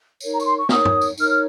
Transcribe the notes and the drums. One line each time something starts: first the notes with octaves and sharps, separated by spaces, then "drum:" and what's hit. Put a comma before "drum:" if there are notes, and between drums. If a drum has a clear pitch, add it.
D#4 A#4 C#5, drum: tambourine
A#5
C#6, drum: tambourine
C6
C#6
D#4 A#4 C#5 D#6, drum: snare
drum: tom
drum: tambourine
D#4 A#4 C#5 F6, drum: tambourine
F6